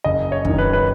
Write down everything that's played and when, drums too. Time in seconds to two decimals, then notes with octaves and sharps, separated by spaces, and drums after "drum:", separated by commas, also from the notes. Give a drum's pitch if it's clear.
0.04 F#1 D#5
0.32 C#5
0.45 F#2 D#3, drum: kick
0.59 B4
0.73 B4